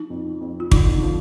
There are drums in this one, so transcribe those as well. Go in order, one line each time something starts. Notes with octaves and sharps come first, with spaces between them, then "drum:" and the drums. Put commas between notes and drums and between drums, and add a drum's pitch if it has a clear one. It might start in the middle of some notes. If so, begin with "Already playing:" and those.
Already playing: F3 D#4
F2
F2
F4
D3 D#4, drum: kick
F3